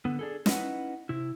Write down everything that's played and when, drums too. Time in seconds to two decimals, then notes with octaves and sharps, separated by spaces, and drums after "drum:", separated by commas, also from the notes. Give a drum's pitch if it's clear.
0.05 D3 B3
0.19 D4 G#4 A4
0.46 C#4 D#4 E4 B4 F#5, drum: snare
1.09 C3 E4